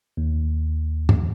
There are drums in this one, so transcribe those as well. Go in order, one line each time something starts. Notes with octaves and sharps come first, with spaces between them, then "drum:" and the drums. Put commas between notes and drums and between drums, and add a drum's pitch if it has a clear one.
D#2
drum: tom G2